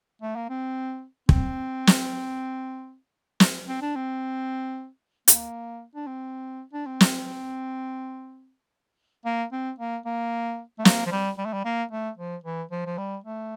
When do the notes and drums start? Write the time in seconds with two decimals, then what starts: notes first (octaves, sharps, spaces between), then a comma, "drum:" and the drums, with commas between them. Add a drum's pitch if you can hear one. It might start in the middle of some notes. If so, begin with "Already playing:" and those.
0.22 A3
0.36 A#3
0.49 C4
1.29 C4, drum: kick
1.87 drum: snare
3.40 drum: snare
3.68 C4
3.82 D4
3.96 C4
5.28 A#3, drum: hi-hat
5.95 D4
6.07 C4
6.73 D4
6.86 C4
7.01 drum: snare
9.25 A#3
9.52 C4
9.79 A#3
10.05 A#3
10.79 A3
10.85 A#3, drum: snare
11.06 F3
11.12 G3
11.38 G3
11.46 A3
11.53 G3
11.65 A#3
11.91 A3
12.18 F3
12.44 E3
12.71 F3
12.86 F3
12.98 G3
13.24 A3